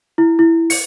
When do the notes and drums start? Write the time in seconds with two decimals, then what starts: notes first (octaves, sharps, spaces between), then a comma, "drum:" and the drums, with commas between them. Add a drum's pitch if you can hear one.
0.18 E4
0.39 E4
0.70 C#7, drum: open hi-hat